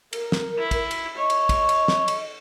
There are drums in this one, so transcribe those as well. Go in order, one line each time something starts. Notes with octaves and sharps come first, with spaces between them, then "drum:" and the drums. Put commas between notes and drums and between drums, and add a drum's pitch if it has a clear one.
A#4, drum: cymbal
drum: snare
E4
drum: kick, cymbal
drum: cymbal
C#5 D#5
drum: cymbal
drum: kick, cymbal
drum: cymbal
drum: snare
drum: cymbal